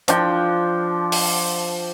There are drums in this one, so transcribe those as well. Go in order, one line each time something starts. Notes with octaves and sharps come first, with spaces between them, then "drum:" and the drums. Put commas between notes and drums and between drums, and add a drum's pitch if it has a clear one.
F3 D4 G5, drum: hi-hat
drum: open hi-hat